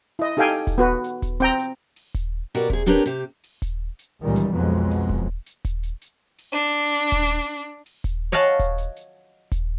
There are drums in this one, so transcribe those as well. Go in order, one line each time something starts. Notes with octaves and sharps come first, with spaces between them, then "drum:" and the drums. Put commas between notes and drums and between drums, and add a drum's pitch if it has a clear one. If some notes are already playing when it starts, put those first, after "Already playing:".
E4 D#5
D#4 G4 A4 F5 G5 G#5
drum: open hi-hat
drum: kick D#1, hi-hat
B3 F#4 B4
drum: hi-hat
drum: kick D#1, hi-hat
C4 G5 A#5, drum: hi-hat
drum: hi-hat
drum: open hi-hat
drum: kick D#1, hi-hat
B2 F#4 G4 A#4 D5
C3 G#4, drum: kick D#1
C4 D4 G4 A#4 B4 C#5, drum: hi-hat
C3 G4, drum: hi-hat
drum: open hi-hat
drum: kick D#1, hi-hat
drum: hi-hat
C#2 A#2 D#3 E3 G3
drum: hi-hat
B1 F2 B2 F#3 G#3
drum: open hi-hat
drum: kick D#1
drum: hi-hat
drum: kick D#1, hi-hat
drum: hi-hat
drum: hi-hat
drum: open hi-hat
D4
drum: hi-hat
drum: kick D#1, hi-hat
drum: hi-hat
drum: hi-hat
drum: open hi-hat
drum: kick D#1, hi-hat
C#5 D#5 F5 F#5 A5
drum: kick D#1, hi-hat
drum: hi-hat
drum: hi-hat
drum: kick D#1, hi-hat